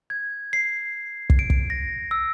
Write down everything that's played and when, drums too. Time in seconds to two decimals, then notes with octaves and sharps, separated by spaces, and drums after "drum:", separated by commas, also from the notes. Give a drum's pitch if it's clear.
0.10 G#6
0.53 C7
1.30 drum: kick
1.39 D7
1.50 drum: kick
1.70 A#6
2.11 E6